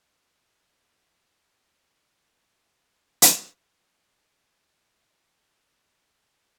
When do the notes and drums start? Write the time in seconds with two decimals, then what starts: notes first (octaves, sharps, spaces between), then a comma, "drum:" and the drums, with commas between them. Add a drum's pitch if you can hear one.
0.16 G#2
0.37 E1
0.57 G#2
0.78 D#3
0.98 F3
1.16 G#3
1.37 C2
1.51 D#1
1.67 A#3
1.81 B2
2.05 B1
2.35 B2
3.22 drum: hi-hat
3.80 D2
4.12 C#2
4.36 F3
4.55 A#3
5.00 G2
5.64 D#3
6.13 F#1